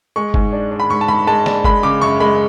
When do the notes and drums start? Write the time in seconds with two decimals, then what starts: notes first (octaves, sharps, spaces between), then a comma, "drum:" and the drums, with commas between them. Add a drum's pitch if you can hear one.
0.16 G#3 C#6
0.34 G#2, drum: kick F#1
0.53 D4
0.71 D4
0.80 B5
0.90 G#2 C#6
1.01 A5
1.08 G#2 B5
1.27 G#3 A5
1.46 D4 A5, drum: snare
1.64 G#3 B5, drum: kick F#1
1.83 C#3 D6
2.02 F#2 C#6
2.20 G#3 B5